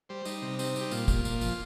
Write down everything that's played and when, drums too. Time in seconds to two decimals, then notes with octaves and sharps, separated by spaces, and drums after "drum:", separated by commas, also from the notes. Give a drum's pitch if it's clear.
0.09 G3 C5
0.25 G3 D#4, drum: tambourine
0.42 C3
0.59 C4 D#4, drum: tambourine
0.76 G3, drum: tambourine
0.81 G4
0.91 A#2 F4, drum: tambourine
1.08 A#2, drum: kick, tambourine
1.25 A#2, drum: tambourine
1.41 F3, drum: tambourine